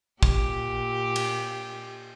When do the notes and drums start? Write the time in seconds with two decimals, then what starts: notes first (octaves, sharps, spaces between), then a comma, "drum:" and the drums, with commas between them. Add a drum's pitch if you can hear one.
0.23 A#2 G4, drum: kick
1.16 drum: cymbal